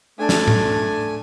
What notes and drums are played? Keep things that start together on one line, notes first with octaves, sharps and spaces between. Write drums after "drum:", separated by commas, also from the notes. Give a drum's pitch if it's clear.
A3 D4 G#5
drum: snare
drum: tom A2